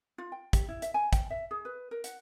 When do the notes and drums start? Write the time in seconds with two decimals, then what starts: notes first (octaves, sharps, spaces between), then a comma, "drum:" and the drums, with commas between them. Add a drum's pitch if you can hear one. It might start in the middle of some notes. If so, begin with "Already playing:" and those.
0.18 F4
0.32 G5
0.53 G4, drum: kick, hi-hat
0.68 E4
0.82 E5, drum: hi-hat
0.94 G#5
1.13 G5, drum: kick, hi-hat
1.30 E5
1.51 G#4
1.65 B4
1.91 A#4
2.04 F#5, drum: hi-hat